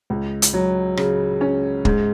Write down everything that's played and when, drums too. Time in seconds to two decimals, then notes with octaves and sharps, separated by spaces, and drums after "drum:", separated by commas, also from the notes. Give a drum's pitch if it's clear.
0.10 C#2
0.42 drum: hi-hat
0.53 F#3
0.97 C#3, drum: rim click
1.41 C#4
1.85 G#2, drum: kick